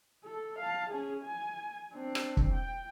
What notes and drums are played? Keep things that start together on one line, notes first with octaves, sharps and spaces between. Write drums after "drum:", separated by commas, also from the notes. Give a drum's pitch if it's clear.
A4
F5 A5
C#4 G#4
G#5
C4 D4
drum: rim click
drum: kick
G5